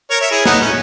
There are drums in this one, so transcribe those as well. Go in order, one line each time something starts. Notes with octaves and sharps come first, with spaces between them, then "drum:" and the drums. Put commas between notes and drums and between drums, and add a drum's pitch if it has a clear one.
A#4 C#5
C#5 E5
E4 G#4
B3 D#4, drum: snare
C#4